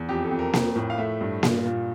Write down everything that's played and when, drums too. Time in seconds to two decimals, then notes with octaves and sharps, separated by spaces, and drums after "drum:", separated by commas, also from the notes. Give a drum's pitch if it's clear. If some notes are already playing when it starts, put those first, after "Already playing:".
Already playing: E2
0.09 F2 G4
0.24 A4
0.31 F2
0.39 A#4
0.53 F3, drum: snare A#3
0.76 A2
0.90 F5
0.98 A3 E5
1.21 G2
1.43 A#2, drum: snare A#3
1.65 A#2